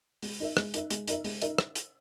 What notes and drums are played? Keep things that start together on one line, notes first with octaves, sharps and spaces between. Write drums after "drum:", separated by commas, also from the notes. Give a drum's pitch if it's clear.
G#3, drum: open hi-hat
D#4 A#4 E5
G#3, drum: rim click
D#4 A#4 E5, drum: hi-hat
G#3, drum: hi-hat
D#4 A#4 E5, drum: hi-hat
G#3, drum: open hi-hat
D#4 A#4 E5, drum: hi-hat
drum: rim click
drum: hi-hat